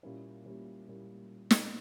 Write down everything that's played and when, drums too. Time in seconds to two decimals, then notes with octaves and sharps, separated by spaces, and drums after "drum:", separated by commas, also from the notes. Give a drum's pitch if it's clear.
0.03 A#2 G3 A#3 C#4 E4
0.45 A#2 G3 A#3 C#4 E4
0.87 A#2 G3 A#3 C#4 E4
1.51 drum: snare